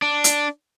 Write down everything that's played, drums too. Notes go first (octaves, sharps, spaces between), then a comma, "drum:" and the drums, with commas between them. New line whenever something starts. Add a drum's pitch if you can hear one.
D4
drum: hi-hat